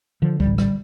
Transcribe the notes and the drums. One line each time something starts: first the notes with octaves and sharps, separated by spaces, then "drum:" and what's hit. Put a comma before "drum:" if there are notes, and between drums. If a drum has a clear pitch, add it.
D3 F3
G3, drum: kick D2
A1
G3, drum: rim click